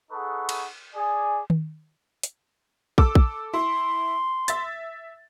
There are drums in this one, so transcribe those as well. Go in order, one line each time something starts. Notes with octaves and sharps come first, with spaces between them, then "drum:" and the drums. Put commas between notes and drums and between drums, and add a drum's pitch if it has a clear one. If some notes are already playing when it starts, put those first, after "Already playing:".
D#4 G#4 A4 B4 F#5 C#6
drum: cymbal
G#4 D5 G#5
drum: tom D#3
drum: hi-hat
A4 D6 E6, drum: kick
drum: kick
E4 C6
E5 A6, drum: hi-hat